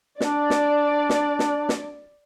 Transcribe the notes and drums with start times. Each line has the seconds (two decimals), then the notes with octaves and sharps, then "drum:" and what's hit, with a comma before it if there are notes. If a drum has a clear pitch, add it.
0.20 D4 D5, drum: snare
0.50 drum: snare
1.09 drum: snare
1.39 drum: snare
1.69 drum: snare